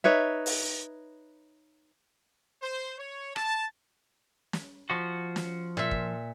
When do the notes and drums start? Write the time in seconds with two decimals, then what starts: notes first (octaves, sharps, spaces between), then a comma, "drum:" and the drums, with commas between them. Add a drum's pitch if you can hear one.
0.04 D#4 B4 C#5 E5
0.46 drum: open hi-hat
2.63 C5
2.98 C#5
3.36 A5, drum: rim click
4.53 drum: snare
4.90 F3 F#4
5.36 drum: snare
5.77 A#2 E5
5.91 drum: kick